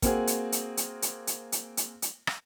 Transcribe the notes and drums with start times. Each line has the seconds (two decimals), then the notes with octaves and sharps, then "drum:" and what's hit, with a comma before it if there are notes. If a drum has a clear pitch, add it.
0.02 A#3 C4 F#4 G#4, drum: kick, hi-hat
0.27 drum: hi-hat
0.52 drum: hi-hat
0.77 drum: hi-hat
1.02 drum: hi-hat
1.27 drum: hi-hat
1.52 drum: hi-hat
1.77 drum: hi-hat
2.02 drum: hi-hat
2.27 drum: rim click